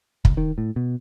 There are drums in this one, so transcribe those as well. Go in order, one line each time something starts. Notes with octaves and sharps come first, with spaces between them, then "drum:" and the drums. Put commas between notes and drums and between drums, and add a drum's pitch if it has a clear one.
C#2, drum: kick
D#3
A2
B2